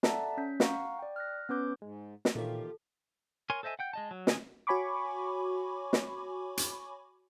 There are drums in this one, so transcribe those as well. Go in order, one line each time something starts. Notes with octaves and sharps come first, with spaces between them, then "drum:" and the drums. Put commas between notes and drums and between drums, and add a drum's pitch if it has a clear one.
A4 D5 E5 F#5 A5 A#5, drum: snare
C#4 G6 B6
F5 F#5 A#5 C#6, drum: snare
D5 G5
F6 F#6 A#6
B3 C#4 B4 D6 G6
G#2 G#3
drum: snare
A#2 D#3 E3 A#3 F4 G4 A4 C#5
A#4 C#5 G#5 C6
A4 C5 D#5 E5 G#5
F#5 G5 G6
G#3 D#5 A5
F#3
C#3 C#4 G#5 D#6, drum: snare
F#4 C#5 G#5 B5 C#6 D6
drum: snare
drum: hi-hat